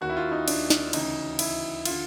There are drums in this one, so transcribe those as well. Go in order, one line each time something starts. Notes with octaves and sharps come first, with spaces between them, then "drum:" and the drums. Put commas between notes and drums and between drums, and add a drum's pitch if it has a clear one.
D#2 D#3 F#4
E4
F4
D#4
D4, drum: cymbal
drum: snare
D2 C#3 E3 D#4, drum: cymbal
E4, drum: cymbal
D3 F4, drum: cymbal